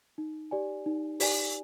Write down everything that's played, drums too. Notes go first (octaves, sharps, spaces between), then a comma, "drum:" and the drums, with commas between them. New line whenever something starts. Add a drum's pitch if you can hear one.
D#4
G4 D5 G#5
D#4
G4 D5 G#5, drum: open hi-hat